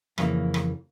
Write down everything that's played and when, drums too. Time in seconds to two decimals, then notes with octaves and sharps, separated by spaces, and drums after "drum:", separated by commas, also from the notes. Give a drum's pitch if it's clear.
0.18 F2 C#3 E3 A#3, drum: rim click
0.54 drum: rim click